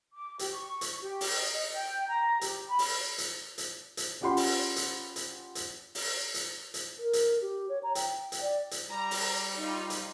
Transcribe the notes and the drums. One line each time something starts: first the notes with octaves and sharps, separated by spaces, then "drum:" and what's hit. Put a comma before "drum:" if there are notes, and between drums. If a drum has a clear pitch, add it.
D6
G4, drum: hi-hat
C#6
drum: hi-hat
G4
drum: open hi-hat
D#5
D#5
G5
A#5
G4, drum: hi-hat
B5
drum: open hi-hat
drum: hi-hat
drum: hi-hat
drum: hi-hat
C#4 F4 G4 F#5 B5 C6
drum: open hi-hat
drum: hi-hat
drum: hi-hat
drum: hi-hat
drum: open hi-hat
drum: hi-hat
drum: hi-hat
A#4
drum: hi-hat
G4
C#5
A#5
G5, drum: hi-hat
drum: hi-hat
D5
drum: hi-hat
G3 A#5
drum: open hi-hat
D#4 F4
drum: hi-hat